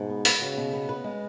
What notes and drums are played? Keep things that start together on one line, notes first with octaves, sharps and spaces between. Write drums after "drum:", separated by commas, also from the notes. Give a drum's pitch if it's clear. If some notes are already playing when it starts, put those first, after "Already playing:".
Already playing: G#2 B2
B3
B4, drum: open hi-hat
C#3 F#4
B2
B3
B4
G#3